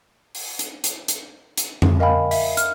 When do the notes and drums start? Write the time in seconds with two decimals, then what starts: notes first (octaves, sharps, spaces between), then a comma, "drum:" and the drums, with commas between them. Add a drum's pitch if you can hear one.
0.35 drum: open hi-hat
0.59 drum: hi-hat
0.84 drum: hi-hat
1.08 drum: hi-hat
1.57 drum: hi-hat
1.82 drum: tom F2
2.00 A#4 D#5 F5 G5 G#5 B5
2.31 E5, drum: open hi-hat
2.57 F6, drum: hi-hat